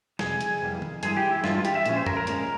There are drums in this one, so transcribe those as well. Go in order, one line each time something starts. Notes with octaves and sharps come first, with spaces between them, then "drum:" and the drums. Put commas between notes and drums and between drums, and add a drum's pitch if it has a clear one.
F2 C3 G#4, drum: snare
drum: hi-hat
F2 C3 E3 G3 A#3
drum: tom
G2 E3 G#3 E4 G#4, drum: hi-hat
G4
E4
G2 E3 G#3 E4 F4, drum: snare
F4
G4, drum: hi-hat
E5
A#2 F3 G#3 C#4, drum: hi-hat
C5
A#4, drum: tom F#2
A#4
A#2 F3 G#3 C#4, drum: hi-hat